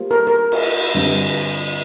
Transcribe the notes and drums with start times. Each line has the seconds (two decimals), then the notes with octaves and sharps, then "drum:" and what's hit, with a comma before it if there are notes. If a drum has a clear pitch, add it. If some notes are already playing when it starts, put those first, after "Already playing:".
Already playing: G3 A#3 F4 C5
0.11 A#4
0.27 A#4
0.52 drum: cymbal
0.94 G2 D3 G3 C4
1.09 drum: hi-hat